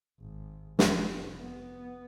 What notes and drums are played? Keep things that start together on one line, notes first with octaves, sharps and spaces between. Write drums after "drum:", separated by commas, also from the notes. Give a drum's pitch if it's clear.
G#1
F1, drum: snare
B3